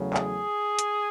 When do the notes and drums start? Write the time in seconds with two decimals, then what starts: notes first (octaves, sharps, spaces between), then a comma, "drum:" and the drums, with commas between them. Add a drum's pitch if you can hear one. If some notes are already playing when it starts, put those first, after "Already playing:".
Already playing: E2 C#3 F#3 A3
0.14 G#4, drum: clap
0.79 drum: hi-hat